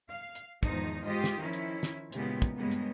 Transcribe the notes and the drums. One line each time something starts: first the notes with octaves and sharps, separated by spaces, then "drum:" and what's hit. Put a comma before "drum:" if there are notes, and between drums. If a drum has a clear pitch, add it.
F5
drum: hi-hat
E2 G#2 D#3 F3 D#4, drum: kick, hi-hat
G#2 G#3 F4 G4 D#5
drum: snare
D#3 F3 C#4 E4
drum: hi-hat
drum: snare
A#2 C#3 E3 G#3 B3 G4, drum: hi-hat
drum: kick, hi-hat
G2 C#3 G3 G#3 A#3 B3
drum: hi-hat